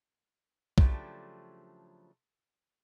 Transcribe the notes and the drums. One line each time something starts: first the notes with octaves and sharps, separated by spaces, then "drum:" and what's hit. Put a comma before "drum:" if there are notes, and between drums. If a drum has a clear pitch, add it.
C#3 F3 F#3 A3 D4 G4, drum: kick